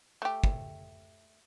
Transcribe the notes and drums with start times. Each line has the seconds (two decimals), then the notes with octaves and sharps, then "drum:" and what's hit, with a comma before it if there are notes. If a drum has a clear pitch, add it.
0.22 A3 G4
0.44 drum: kick